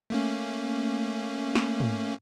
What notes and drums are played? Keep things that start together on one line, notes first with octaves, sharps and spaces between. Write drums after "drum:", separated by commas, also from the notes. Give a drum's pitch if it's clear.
A3 A#3 C#4
drum: snare
drum: tom G#2